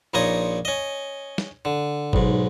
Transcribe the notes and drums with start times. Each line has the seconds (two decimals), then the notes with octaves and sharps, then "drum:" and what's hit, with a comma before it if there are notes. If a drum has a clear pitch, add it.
0.14 A#1 A#2 D#4 A#4 C#5 D#6
0.65 C#4 D#5
1.38 drum: snare
1.65 D3
2.13 B1 G#2, drum: kick G1